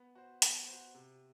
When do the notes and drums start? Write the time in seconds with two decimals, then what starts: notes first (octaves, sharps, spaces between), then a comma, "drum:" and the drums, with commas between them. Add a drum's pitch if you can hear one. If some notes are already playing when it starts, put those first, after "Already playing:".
Already playing: B3
0.15 F#4 C5
0.42 B3, drum: hi-hat
0.68 F#4 C5
0.95 C3